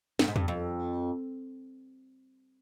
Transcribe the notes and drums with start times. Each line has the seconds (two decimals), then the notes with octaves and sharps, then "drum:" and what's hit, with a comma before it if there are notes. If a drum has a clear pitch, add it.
0.19 G2, drum: snare
0.28 G#2
0.36 G2, drum: tom E2
0.48 F2